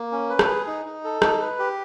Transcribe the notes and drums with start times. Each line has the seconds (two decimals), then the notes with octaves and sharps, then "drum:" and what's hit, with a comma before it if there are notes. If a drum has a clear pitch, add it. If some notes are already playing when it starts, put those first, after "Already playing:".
Already playing: A#3
0.12 C#4
0.30 B4
0.39 drum: rim click
0.48 G#4
0.67 D#4
0.86 D#4
1.04 A4
1.22 D#4, drum: rim click
1.41 B4
1.59 G4